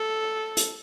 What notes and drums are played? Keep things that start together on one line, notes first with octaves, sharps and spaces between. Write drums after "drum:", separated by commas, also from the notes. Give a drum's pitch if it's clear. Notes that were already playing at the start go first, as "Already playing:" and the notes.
Already playing: A4
drum: hi-hat